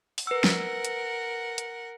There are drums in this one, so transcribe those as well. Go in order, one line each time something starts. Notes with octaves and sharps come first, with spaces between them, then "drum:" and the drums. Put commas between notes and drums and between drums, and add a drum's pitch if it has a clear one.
drum: open hi-hat
A#4 B4 F#5 E6
drum: snare
drum: hi-hat
drum: hi-hat